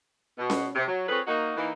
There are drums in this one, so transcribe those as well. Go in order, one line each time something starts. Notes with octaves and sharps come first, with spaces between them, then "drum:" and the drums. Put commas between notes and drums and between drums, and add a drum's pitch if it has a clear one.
B2
drum: snare C#4
C3
F#3
C4 F4 G#4 A4 B4 C#5
A#3 D#4 F#4
E3 A#3 D#4